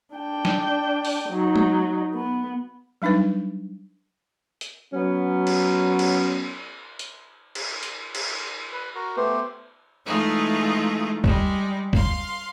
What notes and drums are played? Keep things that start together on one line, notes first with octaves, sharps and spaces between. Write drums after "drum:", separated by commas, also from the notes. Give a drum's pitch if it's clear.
D4 G5
drum: snare
drum: open hi-hat
F#3 D#4
drum: tom G#3
B3
F#3 G3 D4 D#4 B4
drum: hi-hat
F#3 B3 C#4
drum: cymbal
drum: cymbal
drum: hi-hat
drum: cymbal
drum: hi-hat
drum: cymbal
B4
F#4 A#4
A3 B3 G4 C5
E3 G#3 A3 D#4 F4 G#4
G3 G#3, drum: kick
F5 C6, drum: kick